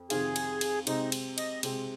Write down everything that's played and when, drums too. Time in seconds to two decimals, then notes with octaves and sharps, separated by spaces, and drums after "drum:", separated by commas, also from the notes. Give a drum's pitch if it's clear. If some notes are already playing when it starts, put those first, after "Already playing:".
Already playing: F2
0.10 F2 C3 D#3 C4 F4 G#4, drum: cymbal
0.36 drum: cymbal
0.61 drum: cymbal
0.87 C3 G#3 C4 D#4, drum: cymbal
1.12 drum: cymbal
1.38 D#5, drum: cymbal
1.63 C3 G#3 C4, drum: cymbal